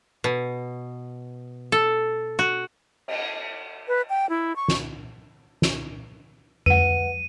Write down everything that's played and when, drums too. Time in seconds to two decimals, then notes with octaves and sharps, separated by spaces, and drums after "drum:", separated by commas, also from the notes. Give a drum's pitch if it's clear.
0.24 B2
1.72 A4
2.39 F#4
3.08 drum: cymbal
3.88 B4
4.10 G5
4.29 E4
4.56 C#6
4.68 drum: snare
5.62 drum: snare
6.66 B4 F#5 D#7, drum: tom F2